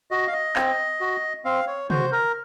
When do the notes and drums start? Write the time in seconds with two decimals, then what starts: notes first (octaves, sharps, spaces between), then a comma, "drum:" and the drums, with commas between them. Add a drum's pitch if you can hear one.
0.11 F#4 D#5
0.27 F5
0.33 D#5
0.56 C4, drum: clap
1.01 F#4
1.45 C4 F5
1.67 C#5
1.90 F#4 C5, drum: tom C3
2.12 A#4